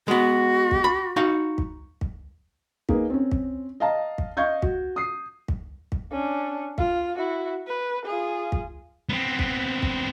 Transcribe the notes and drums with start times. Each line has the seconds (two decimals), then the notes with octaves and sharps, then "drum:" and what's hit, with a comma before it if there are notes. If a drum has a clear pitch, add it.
0.08 G#3 B3 F#4
0.71 drum: kick
0.84 B5
1.16 D#4 F#4 F5
1.58 drum: kick
2.01 drum: kick
2.89 A#3 D#4 G#4 B4, drum: kick
3.10 C4 C#4
3.31 drum: kick
3.80 D#5 F5 A5 A#5
4.18 drum: kick
4.37 D#5 F5 C#6 G6 G#6
4.62 F#4, drum: kick
4.96 D#6 C7
5.48 drum: kick
5.92 drum: kick
6.11 C#4 D4
6.78 F4, drum: kick
7.17 E4 F#4
7.68 B4
8.05 F4 G#4
8.52 drum: kick
9.09 B3 C4
9.39 drum: kick
9.82 drum: kick